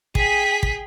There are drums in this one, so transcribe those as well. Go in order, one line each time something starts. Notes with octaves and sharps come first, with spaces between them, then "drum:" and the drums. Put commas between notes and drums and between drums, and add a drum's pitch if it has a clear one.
G#4 G5 B6, drum: kick
drum: kick